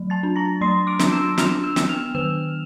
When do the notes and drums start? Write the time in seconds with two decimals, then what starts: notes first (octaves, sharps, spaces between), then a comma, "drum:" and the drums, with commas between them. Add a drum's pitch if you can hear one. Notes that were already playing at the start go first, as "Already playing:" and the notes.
Already playing: F#3
0.10 A5 A6
0.23 D4
0.36 A#5 A#6
0.61 F#3 C6 C7
0.87 D6 D7
0.99 D4, drum: snare
1.12 E6 E7
1.38 D4 F6 F7, drum: snare
1.63 E6 E7
1.76 B3, drum: snare
1.89 F6 F7
2.15 D#3 E6 E7